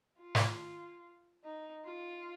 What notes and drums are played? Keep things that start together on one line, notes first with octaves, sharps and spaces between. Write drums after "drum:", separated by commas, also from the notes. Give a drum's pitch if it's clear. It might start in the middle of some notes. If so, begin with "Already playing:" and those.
F4
drum: snare
D#4
F4